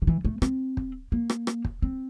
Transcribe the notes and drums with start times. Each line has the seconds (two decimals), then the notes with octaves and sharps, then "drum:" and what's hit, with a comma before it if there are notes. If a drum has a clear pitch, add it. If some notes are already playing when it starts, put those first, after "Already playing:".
0.02 D3
0.07 E3
0.25 A3
0.42 C4, drum: rim click
0.77 drum: kick
1.12 A#3
1.30 drum: rim click
1.47 drum: rim click
1.65 drum: kick
1.82 C4